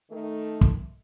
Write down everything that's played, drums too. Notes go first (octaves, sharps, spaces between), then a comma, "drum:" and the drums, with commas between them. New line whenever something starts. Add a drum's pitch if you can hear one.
D#3 A3
drum: kick